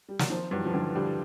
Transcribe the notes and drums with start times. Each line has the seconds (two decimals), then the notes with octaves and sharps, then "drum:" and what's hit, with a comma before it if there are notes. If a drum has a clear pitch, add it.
0.09 G3
0.19 F#3, drum: snare
0.29 D#3 F3 C4
0.51 G2 E3 F#3
0.65 F3
0.73 G2 D3 E3
0.95 D3 G3